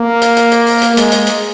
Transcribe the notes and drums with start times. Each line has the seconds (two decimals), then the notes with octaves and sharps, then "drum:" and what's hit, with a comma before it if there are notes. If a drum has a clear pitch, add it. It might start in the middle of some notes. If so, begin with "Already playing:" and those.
Already playing: A#3
0.21 drum: hi-hat
0.36 drum: hi-hat
0.52 drum: hi-hat
0.67 drum: open hi-hat
0.82 drum: hi-hat
0.97 G#3, drum: hi-hat
1.12 drum: hi-hat
1.27 drum: hi-hat